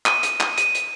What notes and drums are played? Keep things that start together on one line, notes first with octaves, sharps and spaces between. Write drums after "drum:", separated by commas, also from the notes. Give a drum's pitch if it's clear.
D#7, drum: clap
drum: hi-hat
drum: clap
D#7, drum: hi-hat
drum: hi-hat